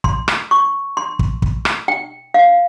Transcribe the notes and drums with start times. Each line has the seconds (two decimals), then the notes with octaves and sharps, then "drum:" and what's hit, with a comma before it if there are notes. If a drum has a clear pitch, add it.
0.04 C6, drum: kick
0.28 drum: rim click
0.51 C#6
0.97 C6
1.19 drum: kick
1.42 drum: kick
1.65 drum: rim click
1.88 G5
2.34 F5